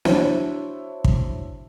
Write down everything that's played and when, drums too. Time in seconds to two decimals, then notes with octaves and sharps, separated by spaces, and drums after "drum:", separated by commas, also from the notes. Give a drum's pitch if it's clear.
0.05 D4 E4 F#4 C5 C#5 E5, drum: snare
1.04 drum: kick